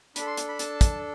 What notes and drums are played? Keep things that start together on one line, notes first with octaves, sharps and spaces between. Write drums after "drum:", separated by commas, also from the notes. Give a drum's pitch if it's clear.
D4 A4 B5, drum: hi-hat
C6
drum: hi-hat
B5
A5, drum: hi-hat
drum: kick, hi-hat